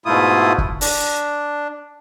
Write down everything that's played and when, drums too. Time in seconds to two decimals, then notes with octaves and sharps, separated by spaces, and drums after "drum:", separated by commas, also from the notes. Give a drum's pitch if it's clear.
0.06 G#2 B2 A3 E4 F4 D#6
0.58 drum: kick
0.81 D4, drum: open hi-hat